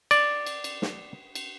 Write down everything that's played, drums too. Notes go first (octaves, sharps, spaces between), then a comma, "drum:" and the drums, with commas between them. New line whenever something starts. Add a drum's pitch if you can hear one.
D5, drum: cymbal
drum: cymbal
drum: cymbal
drum: snare
drum: cymbal